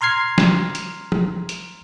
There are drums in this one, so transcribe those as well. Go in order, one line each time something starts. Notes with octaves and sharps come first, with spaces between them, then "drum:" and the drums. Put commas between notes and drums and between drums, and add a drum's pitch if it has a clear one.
A#5 C6 F6 G#6 C7
drum: snare
drum: hi-hat
drum: tom
drum: hi-hat